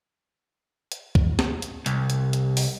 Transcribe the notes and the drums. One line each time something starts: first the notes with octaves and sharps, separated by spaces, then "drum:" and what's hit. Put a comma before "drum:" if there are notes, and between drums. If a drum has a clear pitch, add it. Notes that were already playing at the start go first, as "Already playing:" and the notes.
drum: hi-hat
drum: kick
drum: snare
drum: hi-hat
C2, drum: hi-hat
drum: hi-hat
drum: hi-hat
drum: open hi-hat